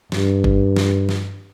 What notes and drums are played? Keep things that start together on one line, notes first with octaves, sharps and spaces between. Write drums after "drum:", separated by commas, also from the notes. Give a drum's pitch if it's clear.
G2, drum: snare
drum: kick G1
drum: snare
drum: snare